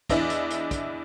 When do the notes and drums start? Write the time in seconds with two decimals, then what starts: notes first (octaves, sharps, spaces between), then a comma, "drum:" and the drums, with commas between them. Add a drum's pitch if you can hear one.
0.09 E2 D4 E4 D#5 E5, drum: kick, hi-hat
0.30 drum: hi-hat
0.51 drum: hi-hat
0.71 drum: kick, hi-hat